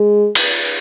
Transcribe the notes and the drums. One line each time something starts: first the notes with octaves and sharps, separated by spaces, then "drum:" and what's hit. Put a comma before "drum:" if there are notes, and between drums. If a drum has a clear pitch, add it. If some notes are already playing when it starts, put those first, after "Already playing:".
Already playing: G#3
drum: cymbal